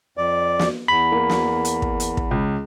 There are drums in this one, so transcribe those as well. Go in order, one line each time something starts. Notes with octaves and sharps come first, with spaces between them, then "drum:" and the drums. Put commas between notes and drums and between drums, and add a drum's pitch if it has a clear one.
F2 D5
drum: snare
E2 B5
A#3
drum: snare
drum: hi-hat
drum: kick
drum: hi-hat
drum: kick
C#2